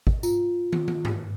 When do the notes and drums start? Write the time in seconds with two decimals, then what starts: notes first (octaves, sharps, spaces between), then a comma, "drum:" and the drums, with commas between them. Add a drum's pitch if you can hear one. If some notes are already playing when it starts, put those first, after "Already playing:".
0.07 drum: kick G#1
0.23 F4, drum: tambourine
0.73 drum: tom
0.88 drum: tom
1.05 drum: tom G2